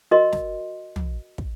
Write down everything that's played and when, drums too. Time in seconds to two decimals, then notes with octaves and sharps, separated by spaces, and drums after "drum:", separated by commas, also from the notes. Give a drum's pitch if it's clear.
0.11 F#4 A#4 D#5 C6
0.32 drum: snare
0.96 drum: tom
1.38 drum: kick